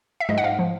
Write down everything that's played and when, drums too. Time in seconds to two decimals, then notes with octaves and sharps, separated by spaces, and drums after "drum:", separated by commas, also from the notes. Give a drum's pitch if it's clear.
0.20 E5
0.29 G#2 D#5, drum: tom G#3
0.38 F#5
0.44 G#2 F5
0.59 F3